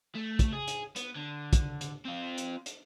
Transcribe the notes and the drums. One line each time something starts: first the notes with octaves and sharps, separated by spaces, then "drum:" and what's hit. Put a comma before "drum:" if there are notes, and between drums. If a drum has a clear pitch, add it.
A3
drum: kick, hi-hat
G#4
drum: hi-hat
B3, drum: hi-hat
D3
drum: kick, hi-hat
drum: hi-hat
C4 F4
drum: hi-hat
drum: hi-hat